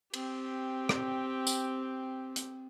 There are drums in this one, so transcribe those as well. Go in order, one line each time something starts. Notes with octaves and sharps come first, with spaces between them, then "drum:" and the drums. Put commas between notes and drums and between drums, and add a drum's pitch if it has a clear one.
C4 G4, drum: cymbal
drum: rim click
drum: tambourine
drum: hi-hat